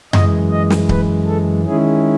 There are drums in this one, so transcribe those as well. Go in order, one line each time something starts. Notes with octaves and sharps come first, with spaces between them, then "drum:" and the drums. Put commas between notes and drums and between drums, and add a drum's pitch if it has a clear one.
F#2 E3 G#3 D#5, drum: tom F#2
D#5
drum: snare
B4, drum: kick C#1
A4
D#3 G#3 C#4 E4 G#4